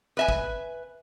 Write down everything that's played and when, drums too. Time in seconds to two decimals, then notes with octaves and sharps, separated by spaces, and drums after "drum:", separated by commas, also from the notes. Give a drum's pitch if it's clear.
0.17 B4 E5 G#5
0.29 drum: kick